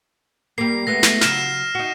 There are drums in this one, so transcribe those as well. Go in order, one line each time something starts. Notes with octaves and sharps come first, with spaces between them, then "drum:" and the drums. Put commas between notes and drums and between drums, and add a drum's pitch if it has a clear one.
G3 A#3 C7
G#3 A3 B3 A#6
drum: snare
C#3 F#3 F6 E7, drum: snare
D#4 F#4